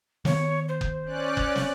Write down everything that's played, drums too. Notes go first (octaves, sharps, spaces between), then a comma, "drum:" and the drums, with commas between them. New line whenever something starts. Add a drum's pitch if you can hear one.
D#3 B3 C#5, drum: snare
C5
drum: kick F#1
C#4 D5 F#6
drum: kick F#1
drum: snare